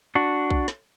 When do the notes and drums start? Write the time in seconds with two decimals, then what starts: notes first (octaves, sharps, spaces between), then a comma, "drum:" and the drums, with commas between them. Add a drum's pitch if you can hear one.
0.15 D4 F#4
0.50 drum: kick B1
0.68 drum: snare